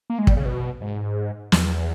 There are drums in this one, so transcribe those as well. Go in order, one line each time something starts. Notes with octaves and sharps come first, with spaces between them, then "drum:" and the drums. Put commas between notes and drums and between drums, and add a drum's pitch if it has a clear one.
A#3
G#3
G3, drum: kick
C#3
B2
G#2
E2, drum: snare